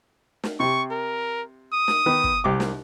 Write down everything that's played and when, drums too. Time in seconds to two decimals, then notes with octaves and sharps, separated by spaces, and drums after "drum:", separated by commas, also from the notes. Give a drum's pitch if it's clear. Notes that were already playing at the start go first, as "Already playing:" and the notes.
0.44 drum: snare
0.60 C3 C#6
0.91 A#4
1.73 D#6
1.88 drum: snare
2.06 D#3 B3
2.24 drum: kick
2.44 C2 G4 D6
2.60 drum: snare